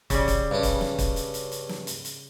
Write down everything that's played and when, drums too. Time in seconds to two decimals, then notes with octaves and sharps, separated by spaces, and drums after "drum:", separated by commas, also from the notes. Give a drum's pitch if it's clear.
0.10 C#3 G3, drum: kick, hi-hat
0.28 drum: kick, hi-hat
0.51 G2 C#4
0.63 drum: kick, hi-hat
0.81 drum: snare
0.98 drum: kick, hi-hat
1.16 drum: hi-hat
1.34 drum: hi-hat
1.52 drum: hi-hat
1.69 drum: snare
1.87 drum: hi-hat
2.05 drum: hi-hat